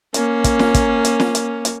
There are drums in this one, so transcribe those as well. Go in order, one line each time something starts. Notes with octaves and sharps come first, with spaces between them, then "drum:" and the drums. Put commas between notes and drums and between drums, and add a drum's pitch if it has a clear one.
A#3 C#4, drum: hi-hat
drum: kick, hi-hat
drum: snare
drum: kick, hi-hat
drum: hi-hat
drum: snare
drum: hi-hat
drum: hi-hat